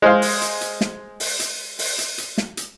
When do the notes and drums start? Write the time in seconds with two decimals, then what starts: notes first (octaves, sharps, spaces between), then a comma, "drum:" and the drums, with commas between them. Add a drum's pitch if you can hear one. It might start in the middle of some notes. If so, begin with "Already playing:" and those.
0.02 G#3 C5 F5
0.22 drum: open hi-hat
0.41 drum: hi-hat
0.61 drum: hi-hat
0.81 drum: snare
1.20 drum: open hi-hat
1.40 drum: hi-hat
1.79 drum: open hi-hat
1.98 drum: hi-hat
2.18 drum: hi-hat
2.38 drum: snare
2.57 drum: hi-hat